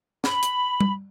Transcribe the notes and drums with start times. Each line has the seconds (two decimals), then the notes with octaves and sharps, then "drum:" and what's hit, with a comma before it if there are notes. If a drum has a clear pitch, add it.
0.24 B5, drum: snare
0.43 drum: hi-hat
0.81 drum: tom G3